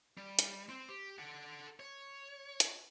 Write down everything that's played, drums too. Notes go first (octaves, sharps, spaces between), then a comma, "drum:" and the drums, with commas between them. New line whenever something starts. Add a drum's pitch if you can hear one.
G3
drum: hi-hat
C4 C5
G4
A4 F#5
C#5
drum: hi-hat